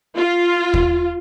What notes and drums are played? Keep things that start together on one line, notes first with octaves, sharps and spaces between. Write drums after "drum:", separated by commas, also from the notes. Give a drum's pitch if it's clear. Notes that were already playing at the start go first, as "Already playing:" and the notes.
F4
drum: kick